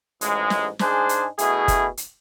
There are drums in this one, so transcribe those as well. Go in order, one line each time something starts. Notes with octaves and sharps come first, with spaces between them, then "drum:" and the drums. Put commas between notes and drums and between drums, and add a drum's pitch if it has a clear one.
A1 G#2 G#3, drum: hi-hat
drum: snare
G#2 G#3 D4 G#4 C5, drum: snare
drum: hi-hat
B2 A3 E4 G#4, drum: hi-hat
drum: kick F#1, hi-hat
drum: hi-hat